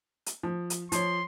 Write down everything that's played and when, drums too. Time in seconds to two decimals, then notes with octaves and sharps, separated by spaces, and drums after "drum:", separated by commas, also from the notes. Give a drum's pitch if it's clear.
0.26 drum: hi-hat
0.43 F3
0.70 drum: hi-hat
0.92 F3 C#5 C6, drum: hi-hat